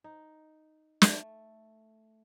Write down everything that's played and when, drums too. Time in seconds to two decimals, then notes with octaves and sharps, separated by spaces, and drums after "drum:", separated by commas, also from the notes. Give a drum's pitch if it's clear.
0.04 D#4
1.02 A3, drum: snare